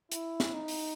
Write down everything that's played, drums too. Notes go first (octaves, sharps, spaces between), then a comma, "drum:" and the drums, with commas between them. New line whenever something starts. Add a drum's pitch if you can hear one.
E4, drum: hi-hat
drum: snare
D#4
drum: open hi-hat